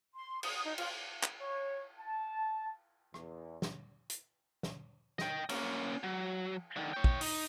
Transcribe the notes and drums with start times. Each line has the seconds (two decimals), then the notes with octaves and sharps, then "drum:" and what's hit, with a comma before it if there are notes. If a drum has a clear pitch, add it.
0.15 C6
0.43 D#6, drum: cymbal
0.65 D#4
0.78 F4, drum: cymbal
1.23 drum: clap
1.40 C#5
1.99 A5
3.14 E2, drum: rim click
3.62 drum: snare
4.10 drum: hi-hat
4.63 drum: snare
5.19 D#5 G5, drum: snare
5.49 A#3 C#4, drum: cymbal
6.03 F#3
6.77 D3 D#3
6.93 C#5 G5
7.04 drum: kick
7.21 D#4, drum: open hi-hat